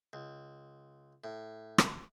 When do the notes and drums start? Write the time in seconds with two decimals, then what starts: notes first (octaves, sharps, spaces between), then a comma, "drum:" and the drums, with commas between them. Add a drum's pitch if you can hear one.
0.13 C#2
1.24 A2
1.78 drum: rim click